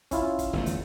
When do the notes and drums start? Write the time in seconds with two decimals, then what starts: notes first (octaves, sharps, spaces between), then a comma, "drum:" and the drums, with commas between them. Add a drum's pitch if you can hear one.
0.11 C#4 E4 F4, drum: kick, hi-hat
0.39 drum: kick, hi-hat
0.53 G1 E2 A3
0.66 drum: hi-hat